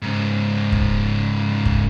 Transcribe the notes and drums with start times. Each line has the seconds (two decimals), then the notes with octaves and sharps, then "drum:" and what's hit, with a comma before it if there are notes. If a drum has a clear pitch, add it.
0.02 G#2 C#3
0.72 drum: kick
1.65 drum: kick